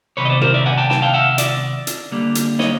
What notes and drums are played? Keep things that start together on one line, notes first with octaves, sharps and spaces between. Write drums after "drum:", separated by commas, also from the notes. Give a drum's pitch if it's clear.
C3 D#3 F#3 B3 B4 C#5
D#5
C5 D5
A#4 C5, drum: tom
D5 E5
F#5 G#5
G5 A5
G5 A5, drum: snare
F5 G5
E5 F#5
D5 E5, drum: hi-hat
drum: hi-hat
D3 G3 A#3
drum: hi-hat
C#5 D#5, drum: snare